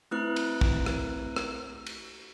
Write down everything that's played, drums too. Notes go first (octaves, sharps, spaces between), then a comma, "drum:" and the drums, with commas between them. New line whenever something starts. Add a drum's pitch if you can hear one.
A3 C4 E4 B4 F#6
drum: cymbal
drum: kick
drum: rim click
drum: rim click
drum: cymbal